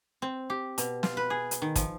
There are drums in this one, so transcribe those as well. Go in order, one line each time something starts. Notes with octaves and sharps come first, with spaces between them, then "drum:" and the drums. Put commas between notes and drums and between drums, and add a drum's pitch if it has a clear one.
C4
G4
B2, drum: hi-hat
F4, drum: snare
B4
G#4
drum: hi-hat
D#3
F3, drum: kick, hi-hat